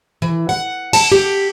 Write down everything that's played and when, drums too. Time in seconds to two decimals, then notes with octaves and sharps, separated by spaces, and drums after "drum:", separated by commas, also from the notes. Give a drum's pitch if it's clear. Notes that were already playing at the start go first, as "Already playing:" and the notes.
0.22 E3
0.49 F#5
0.93 A5, drum: cymbal
1.12 G4